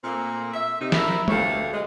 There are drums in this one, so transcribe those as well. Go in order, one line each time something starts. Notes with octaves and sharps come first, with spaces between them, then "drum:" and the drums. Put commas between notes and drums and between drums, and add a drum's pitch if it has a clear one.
A#2 A3 A#3 C4
E5
C3 D#4
E4 A#4 E5, drum: snare
D2 B2 A3 G4 C#5 F5, drum: tom G#3
G#3